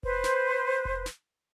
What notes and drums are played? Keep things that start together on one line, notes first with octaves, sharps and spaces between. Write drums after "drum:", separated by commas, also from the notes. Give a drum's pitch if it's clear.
B4 C5, drum: kick F1
drum: snare
drum: kick F1
drum: snare